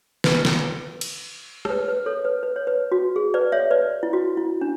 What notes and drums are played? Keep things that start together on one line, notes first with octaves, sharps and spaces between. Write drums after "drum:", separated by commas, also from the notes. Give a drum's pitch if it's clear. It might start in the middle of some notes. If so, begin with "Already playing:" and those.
B4, drum: snare
drum: snare
drum: cymbal
C#5, drum: rim click
B4
B4
A4 C#5
B4
B4
C#5
B4
F#4
G#4
B4 D5
C#5 E5
B4 D5
E4
F#4
E4
D4